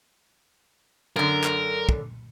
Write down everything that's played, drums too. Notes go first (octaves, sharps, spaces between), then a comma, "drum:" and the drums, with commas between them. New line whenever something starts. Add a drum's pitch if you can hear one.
F#2 D3 A#4
drum: clap
drum: kick